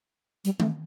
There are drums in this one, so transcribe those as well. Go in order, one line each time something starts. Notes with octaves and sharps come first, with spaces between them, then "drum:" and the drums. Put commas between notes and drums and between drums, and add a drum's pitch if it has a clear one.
G3, drum: hi-hat
A3, drum: tom D#3